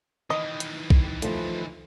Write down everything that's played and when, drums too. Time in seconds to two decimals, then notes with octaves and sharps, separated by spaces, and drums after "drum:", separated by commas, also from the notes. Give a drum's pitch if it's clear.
0.30 D#3 E3 D#5
0.60 drum: hi-hat
0.90 drum: kick B1
1.22 F3 A3, drum: hi-hat